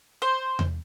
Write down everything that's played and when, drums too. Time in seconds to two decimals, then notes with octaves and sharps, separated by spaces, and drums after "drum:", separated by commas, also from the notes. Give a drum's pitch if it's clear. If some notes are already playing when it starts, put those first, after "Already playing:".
0.22 C5
0.59 drum: tom E2